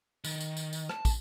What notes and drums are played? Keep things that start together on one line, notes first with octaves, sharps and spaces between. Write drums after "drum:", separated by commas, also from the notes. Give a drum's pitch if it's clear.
D#3, drum: tambourine
drum: tambourine
drum: tambourine
drum: tambourine
A5, drum: rim click
drum: kick, tambourine